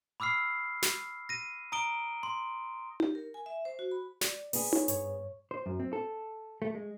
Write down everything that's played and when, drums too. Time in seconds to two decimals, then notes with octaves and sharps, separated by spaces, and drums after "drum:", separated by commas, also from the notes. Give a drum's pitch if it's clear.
0.20 B5 D6 E6 F6 C7
0.82 drum: snare
1.29 A#6 D#7
1.72 A#5 D#6 D7 G7
2.23 C6
3.00 G4, drum: tom D#4
3.15 A#4
3.34 G#5
3.46 E5
3.65 C5
3.79 F#4
3.91 B5
4.21 D5, drum: snare
4.53 B3 G#4, drum: open hi-hat
4.73 C#5, drum: tom D#4
4.88 G2 C#5, drum: hi-hat
5.51 C5
5.66 F#2
5.80 C4
5.93 A4
6.62 A3
6.75 G#3